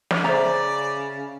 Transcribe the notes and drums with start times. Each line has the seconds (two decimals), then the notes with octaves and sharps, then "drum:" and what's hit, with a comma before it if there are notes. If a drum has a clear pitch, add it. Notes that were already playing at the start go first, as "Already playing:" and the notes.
0.11 drum: snare
0.24 C#3 C5 D5 E5 A#5